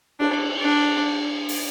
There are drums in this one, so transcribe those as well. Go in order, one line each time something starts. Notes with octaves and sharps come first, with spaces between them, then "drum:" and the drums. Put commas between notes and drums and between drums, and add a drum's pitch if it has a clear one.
D4, drum: cymbal
D4
drum: open hi-hat